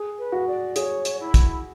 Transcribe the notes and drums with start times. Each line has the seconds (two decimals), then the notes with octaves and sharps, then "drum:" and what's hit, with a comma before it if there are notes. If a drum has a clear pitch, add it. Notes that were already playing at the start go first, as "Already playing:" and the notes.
Already playing: G#4
0.18 B4
0.32 F#4
0.47 D5
0.76 G#4 C#5, drum: hi-hat
1.05 drum: hi-hat
1.20 E4
1.34 drum: kick, hi-hat